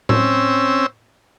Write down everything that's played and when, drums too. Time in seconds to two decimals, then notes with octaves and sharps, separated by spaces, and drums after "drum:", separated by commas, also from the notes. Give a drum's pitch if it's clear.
0.09 C4 C#4 E6, drum: tom A2